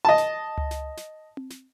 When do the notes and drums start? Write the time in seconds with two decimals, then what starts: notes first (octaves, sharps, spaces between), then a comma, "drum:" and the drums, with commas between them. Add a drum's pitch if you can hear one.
0.05 D#5 A5
0.18 drum: snare
0.58 drum: tom C#2
0.71 drum: snare
0.97 drum: snare
1.37 drum: tom C4
1.50 drum: snare